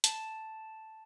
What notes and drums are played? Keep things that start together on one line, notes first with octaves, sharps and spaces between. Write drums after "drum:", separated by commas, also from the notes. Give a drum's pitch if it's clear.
A5, drum: hi-hat